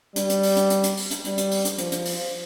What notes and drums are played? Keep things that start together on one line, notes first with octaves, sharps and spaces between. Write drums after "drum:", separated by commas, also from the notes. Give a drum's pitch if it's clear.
G3, drum: hi-hat
drum: hi-hat
drum: open hi-hat
drum: hi-hat
drum: hi-hat
drum: hi-hat
drum: open hi-hat
drum: hi-hat
G3, drum: hi-hat
drum: hi-hat
drum: open hi-hat
drum: hi-hat
F3, drum: hi-hat
drum: hi-hat
drum: open hi-hat